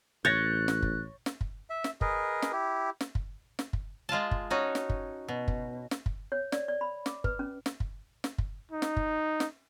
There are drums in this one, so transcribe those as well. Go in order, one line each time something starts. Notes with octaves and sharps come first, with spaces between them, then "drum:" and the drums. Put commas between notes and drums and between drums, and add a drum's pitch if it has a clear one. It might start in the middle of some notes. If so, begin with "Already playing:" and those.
A1 C#5 F#6 G6 A6 A#6
drum: snare
drum: kick F#1
drum: snare
drum: kick F#1
E5
drum: snare
G#4 A#4 B4 D#5, drum: kick F#1
drum: snare
E4 G4
drum: snare
drum: kick F#1
drum: snare
drum: kick F#1
G#3 F4 F5 A5
drum: kick F#1
C#4 D#4 F#4 C#5
drum: snare
drum: kick F#1
B2
drum: kick F#1
drum: snare
drum: kick F#1
C#5
D5, drum: snare
D5
B5
D6, drum: snare
B4, drum: kick F#1
C#4
drum: snare
drum: kick F#1
drum: snare
drum: kick F#1
D#4
drum: snare
drum: kick F#1
drum: snare